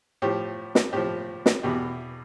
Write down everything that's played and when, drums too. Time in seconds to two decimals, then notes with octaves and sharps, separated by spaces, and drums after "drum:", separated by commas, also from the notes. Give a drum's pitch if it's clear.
0.22 A2 F3 G4
0.75 drum: snare
0.93 A2 F3 G4
1.46 drum: snare
1.63 E2 B2 G4